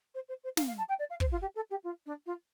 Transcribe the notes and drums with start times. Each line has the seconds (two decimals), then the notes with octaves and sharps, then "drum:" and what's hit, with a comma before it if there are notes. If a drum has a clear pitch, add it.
0.14 C5
0.28 C5
0.43 C5
0.57 F5, drum: snare
0.67 F5
0.78 A5
0.89 G5
0.99 D5
1.10 F5
1.20 C5, drum: kick
1.31 F4
1.41 G4
1.55 A4
1.70 G4
1.84 F4
2.06 D4
2.26 F4